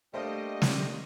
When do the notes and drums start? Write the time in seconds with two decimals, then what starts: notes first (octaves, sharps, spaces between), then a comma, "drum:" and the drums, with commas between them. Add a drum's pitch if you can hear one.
0.14 G3 A3 A#3 D4 C5 D#5 F5
0.62 drum: snare